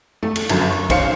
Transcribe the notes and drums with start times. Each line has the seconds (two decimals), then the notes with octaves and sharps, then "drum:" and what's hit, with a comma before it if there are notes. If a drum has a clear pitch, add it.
0.23 A3, drum: tom F#2
0.36 drum: cymbal
0.49 G1 F#2, drum: cymbal
0.70 C#6
0.90 B1 C#4 C5 F5 C#7, drum: kick, cymbal